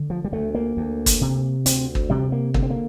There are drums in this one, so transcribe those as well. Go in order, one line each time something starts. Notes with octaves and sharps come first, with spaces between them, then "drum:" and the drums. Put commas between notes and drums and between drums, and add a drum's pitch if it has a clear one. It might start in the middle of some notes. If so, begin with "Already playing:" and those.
Already playing: D3
F3
G3
D2 A3
A#3
D2
drum: kick, hi-hat
C3
D2 C4, drum: hi-hat
drum: kick
C3 G3
A#3
D3 A#3, drum: kick
C4
A#3